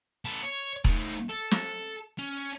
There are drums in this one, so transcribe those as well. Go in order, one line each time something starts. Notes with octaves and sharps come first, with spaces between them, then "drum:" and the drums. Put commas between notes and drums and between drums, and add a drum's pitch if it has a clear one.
B3 A4
C#5
A3 D#4, drum: kick E1
A4
drum: snare
C#4